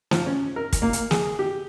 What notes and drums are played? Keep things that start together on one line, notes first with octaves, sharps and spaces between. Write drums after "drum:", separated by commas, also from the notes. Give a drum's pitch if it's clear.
F3, drum: snare
C#4
A#4
drum: kick, hi-hat
A#3
drum: hi-hat
G#4, drum: snare
G4